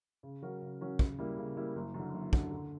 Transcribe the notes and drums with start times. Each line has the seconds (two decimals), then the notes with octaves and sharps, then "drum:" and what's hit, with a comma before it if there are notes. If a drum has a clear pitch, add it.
0.23 C#3
0.42 F#3 C#4 F#4 A#4
0.62 C#3
0.80 F#3 C#4 F#4 A#4
0.99 C#3, drum: kick
1.19 G3 A#3 E4
1.37 C#3
1.57 G3 A#3 E4
1.76 F#1
1.94 F#2 D3
2.14 F#1
2.33 F#2 D3, drum: kick
2.52 D3